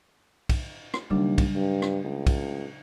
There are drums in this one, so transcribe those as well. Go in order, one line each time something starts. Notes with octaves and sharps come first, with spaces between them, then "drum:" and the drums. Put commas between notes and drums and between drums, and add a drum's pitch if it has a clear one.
drum: kick, cymbal
drum: rim click
D#2 C#3 F#3 G3 D4 F4
drum: kick, cymbal
G2
drum: rim click
C#2
drum: kick, cymbal